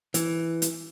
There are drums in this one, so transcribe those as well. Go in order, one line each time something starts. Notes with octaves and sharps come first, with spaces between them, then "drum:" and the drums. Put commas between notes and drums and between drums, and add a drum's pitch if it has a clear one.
E3, drum: hi-hat
drum: hi-hat